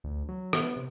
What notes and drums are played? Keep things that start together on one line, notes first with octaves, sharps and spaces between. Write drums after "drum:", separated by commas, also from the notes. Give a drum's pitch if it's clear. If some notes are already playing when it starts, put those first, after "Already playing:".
D2
F#3
B3, drum: rim click
C3